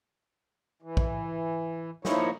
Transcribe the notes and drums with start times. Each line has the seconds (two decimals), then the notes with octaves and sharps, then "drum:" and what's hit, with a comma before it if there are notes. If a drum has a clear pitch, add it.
0.82 E3
0.97 drum: kick
2.05 F3 A#3 D#4 E4 C#5, drum: snare